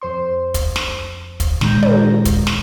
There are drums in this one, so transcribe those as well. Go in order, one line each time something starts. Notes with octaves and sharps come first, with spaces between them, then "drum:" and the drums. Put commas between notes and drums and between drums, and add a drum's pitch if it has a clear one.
F2 C5 C6
drum: kick, hi-hat
drum: snare
drum: kick, hi-hat
A#2 D#3 G#3 A#5 G6 A#6, drum: snare
drum: tom
drum: kick, hi-hat
drum: snare